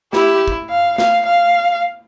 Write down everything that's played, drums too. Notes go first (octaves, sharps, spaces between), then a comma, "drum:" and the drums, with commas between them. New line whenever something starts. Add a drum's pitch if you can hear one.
E4 G4, drum: snare
drum: kick
F5
F5, drum: snare
F5